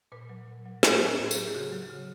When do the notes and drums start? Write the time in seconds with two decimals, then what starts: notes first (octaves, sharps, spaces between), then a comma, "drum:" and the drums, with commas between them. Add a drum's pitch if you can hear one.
0.12 A#2 B4
0.29 F#3
0.48 A#2
0.66 F#3
0.83 A2 A#4, drum: snare
1.01 F#3 A4
1.19 A2 G#4
1.31 G#4, drum: tambourine
1.36 F#3 G4
1.47 G4
1.54 C#3 F#4
1.72 F#3
1.90 C#3